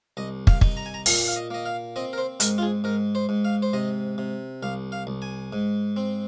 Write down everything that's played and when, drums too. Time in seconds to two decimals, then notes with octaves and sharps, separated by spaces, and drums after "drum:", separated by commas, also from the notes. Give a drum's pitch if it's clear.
0.17 C2 D#5
0.47 F5, drum: kick
0.61 D#4, drum: kick
0.77 A#5
0.86 G#5
0.94 A#5
1.06 A#2 F5, drum: open hi-hat
1.28 F5
1.36 D#5
1.51 A#3 D#5
1.66 F5
1.96 C4 D#5
2.13 A#4
2.18 C5
2.40 G#2 A#4, drum: hi-hat
2.58 F4
2.62 G#4
2.84 G#2 A#4
3.15 C5
3.29 G#2
3.45 F5
3.62 C5
3.73 C3 D#5
4.18 C3
4.63 C2 F5
4.92 F5
5.07 C2
5.22 G#5
5.53 G#2
5.96 C4